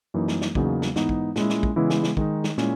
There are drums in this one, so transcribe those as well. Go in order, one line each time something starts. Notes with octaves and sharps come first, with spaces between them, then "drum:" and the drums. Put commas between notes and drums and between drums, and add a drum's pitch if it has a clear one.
F#2 E3 A#3 D#4
drum: snare
drum: snare
E2 C#3 F#3 A#3 D#4, drum: kick
drum: snare
G#2 E3 B3 D#4, drum: snare
drum: kick
A#2 G#3 C#4 E4, drum: snare
drum: snare
drum: kick
C#3 E3 G#3 B3 E4
drum: snare
drum: snare
D#3 G#3 D#4, drum: kick
drum: snare
A#2 G#3 C#4 E4, drum: snare